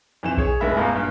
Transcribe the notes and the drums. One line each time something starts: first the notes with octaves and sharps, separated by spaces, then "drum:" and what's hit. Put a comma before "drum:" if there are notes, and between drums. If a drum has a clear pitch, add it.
F2 E3 E7
G#4 C#5, drum: kick A#1
F1 G#3 E5 B5
A1 E2 F5 A#5
G2 A#2